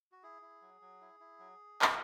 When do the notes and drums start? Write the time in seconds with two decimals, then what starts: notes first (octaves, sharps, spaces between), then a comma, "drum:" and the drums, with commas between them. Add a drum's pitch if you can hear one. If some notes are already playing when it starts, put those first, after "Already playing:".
0.12 F#4
0.23 E4 G#4
0.42 E4
0.62 F#3
0.81 F#3
1.01 E4
1.20 E4
1.39 F#3
1.82 drum: clap